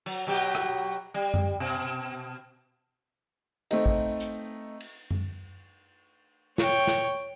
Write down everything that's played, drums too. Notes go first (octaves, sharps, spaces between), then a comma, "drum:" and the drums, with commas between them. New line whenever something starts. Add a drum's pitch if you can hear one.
F#3, drum: cymbal
B2 F#3 G4
drum: rim click
G3, drum: hi-hat
drum: tom F#2
B2
A3 C4 D#4, drum: cymbal
drum: kick
drum: hi-hat
drum: cymbal
drum: tom F#2
C#5 G5, drum: snare
drum: snare